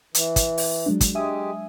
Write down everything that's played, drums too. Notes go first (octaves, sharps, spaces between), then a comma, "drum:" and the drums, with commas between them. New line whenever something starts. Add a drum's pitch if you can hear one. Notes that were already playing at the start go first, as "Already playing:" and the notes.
E3, drum: hi-hat
drum: kick, hi-hat
drum: open hi-hat
F#3 G#3 D4
drum: kick, hi-hat
G#3 G4 E5 G#5 D#6